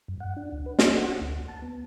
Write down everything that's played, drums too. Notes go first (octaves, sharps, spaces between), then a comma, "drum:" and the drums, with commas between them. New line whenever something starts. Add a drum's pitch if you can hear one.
F#2
F#5
D4
D2
B4
D4, drum: snare
F#5
D2
A5
B3